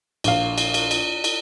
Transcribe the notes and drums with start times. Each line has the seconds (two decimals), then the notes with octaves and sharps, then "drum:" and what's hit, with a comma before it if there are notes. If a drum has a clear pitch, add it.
0.24 A#1 F5, drum: cymbal
0.58 drum: cymbal
0.74 drum: cymbal
0.91 drum: cymbal
1.24 drum: cymbal